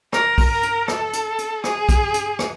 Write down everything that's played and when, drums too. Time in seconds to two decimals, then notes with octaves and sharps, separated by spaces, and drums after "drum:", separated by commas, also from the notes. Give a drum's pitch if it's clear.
0.13 A#4, drum: rim click
0.38 drum: kick, open hi-hat
0.50 A#4
0.63 drum: hi-hat
0.88 A4, drum: rim click
1.13 drum: hi-hat
1.38 drum: hi-hat
1.64 G#4, drum: rim click
1.89 drum: kick, hi-hat
2.14 drum: hi-hat
2.39 drum: rim click